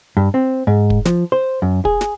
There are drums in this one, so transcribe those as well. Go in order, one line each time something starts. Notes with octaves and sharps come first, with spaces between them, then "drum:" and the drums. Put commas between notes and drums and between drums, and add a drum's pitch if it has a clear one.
G2
C4
G#2
drum: kick
F3, drum: snare
C5
F#2
G#4, drum: kick
drum: snare